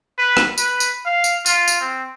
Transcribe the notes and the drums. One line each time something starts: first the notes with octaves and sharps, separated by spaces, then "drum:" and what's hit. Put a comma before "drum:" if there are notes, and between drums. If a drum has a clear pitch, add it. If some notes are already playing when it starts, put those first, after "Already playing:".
B4
drum: rim click
B4, drum: tambourine
drum: tambourine
F5
drum: tambourine
F4, drum: tambourine
drum: tambourine
C4